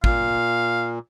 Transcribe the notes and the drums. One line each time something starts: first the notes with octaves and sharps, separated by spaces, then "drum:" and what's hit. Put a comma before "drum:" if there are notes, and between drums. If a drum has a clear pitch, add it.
A#2 F5, drum: kick